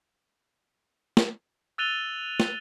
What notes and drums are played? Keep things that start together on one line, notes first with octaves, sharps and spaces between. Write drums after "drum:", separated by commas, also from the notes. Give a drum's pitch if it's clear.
drum: snare
E6 F#6 A6 D#7 F7 G7
drum: snare